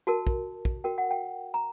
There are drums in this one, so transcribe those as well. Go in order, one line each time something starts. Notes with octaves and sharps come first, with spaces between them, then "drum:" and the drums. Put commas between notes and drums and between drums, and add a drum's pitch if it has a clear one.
F#4 A#4 A5
drum: kick
drum: kick
F#4 A#4 G5
F#5
G5
A#5